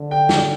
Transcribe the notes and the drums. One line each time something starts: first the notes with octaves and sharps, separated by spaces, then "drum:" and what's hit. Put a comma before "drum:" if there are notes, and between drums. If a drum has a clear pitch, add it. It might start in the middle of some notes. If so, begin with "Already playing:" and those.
Already playing: D3
G5
drum: snare